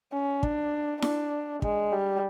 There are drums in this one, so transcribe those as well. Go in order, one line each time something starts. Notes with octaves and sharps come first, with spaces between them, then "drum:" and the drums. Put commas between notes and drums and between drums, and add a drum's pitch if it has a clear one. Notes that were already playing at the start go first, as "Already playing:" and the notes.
C#4
D4, drum: kick
D4, drum: snare E4
G#3, drum: kick
G3